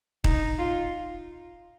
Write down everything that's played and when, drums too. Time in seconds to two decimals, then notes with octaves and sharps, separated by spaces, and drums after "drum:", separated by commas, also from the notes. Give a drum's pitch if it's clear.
0.24 D#4, drum: kick D#1
0.59 F4